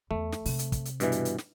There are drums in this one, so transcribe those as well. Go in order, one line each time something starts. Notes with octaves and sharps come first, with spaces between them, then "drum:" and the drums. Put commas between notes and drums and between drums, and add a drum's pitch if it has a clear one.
E2 A3
drum: snare
C3, drum: open hi-hat
drum: hi-hat
drum: kick, hi-hat
drum: hi-hat
G2 B2 E3, drum: hi-hat
drum: hi-hat
drum: hi-hat
drum: snare